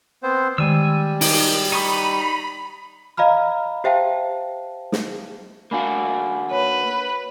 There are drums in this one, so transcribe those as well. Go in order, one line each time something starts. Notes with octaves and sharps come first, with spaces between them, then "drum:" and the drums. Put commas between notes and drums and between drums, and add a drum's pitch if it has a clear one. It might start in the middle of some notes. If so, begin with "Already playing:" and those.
B3 C4 C5
D#3 G3 G#3 G#5 E6
D#4 G4 D#5, drum: open hi-hat
D#4 B5 C#6 D#6
D#5 F5 A#5 B5 F6
G4 C5 E5 F5 G5 A5
drum: snare
A#3 D4 F#4 F5 G#5 B5
B4 C#5